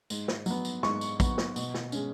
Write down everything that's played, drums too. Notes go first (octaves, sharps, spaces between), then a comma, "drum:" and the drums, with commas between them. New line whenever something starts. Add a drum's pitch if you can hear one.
G#2, drum: tambourine
drum: snare
F#3 B3, drum: tambourine
drum: tambourine
G#2 C#6, drum: snare
drum: tambourine
F#3 B3, drum: kick, tambourine
drum: snare
B2, drum: tambourine
drum: snare
G#3 C#4, drum: tambourine